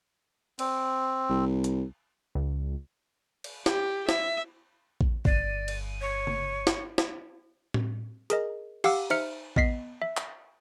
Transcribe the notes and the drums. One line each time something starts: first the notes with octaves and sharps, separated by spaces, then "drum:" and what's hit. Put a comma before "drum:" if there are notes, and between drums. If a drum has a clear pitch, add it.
C4, drum: cymbal
C2
drum: hi-hat
C#2
drum: cymbal
G4, drum: snare
E5, drum: snare
drum: kick A1
G1 D5 D#7, drum: kick A1
drum: cymbal
C#5
drum: tom C#3
drum: snare
drum: snare
drum: tom A2
G#4 A#4 D#5, drum: hi-hat
G4 F5 F#5 D6 E6, drum: cymbal
D#4 C5 E5 F6 C#7, drum: cymbal
B3 D#5 B6 C7, drum: kick A1
E5
drum: clap